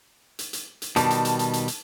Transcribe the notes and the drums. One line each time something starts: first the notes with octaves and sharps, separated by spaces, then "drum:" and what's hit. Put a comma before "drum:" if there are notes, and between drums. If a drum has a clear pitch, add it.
drum: hi-hat
drum: hi-hat
drum: hi-hat
B2 D#3 G3 A5, drum: hi-hat
drum: hi-hat
drum: hi-hat
drum: hi-hat
drum: hi-hat
drum: hi-hat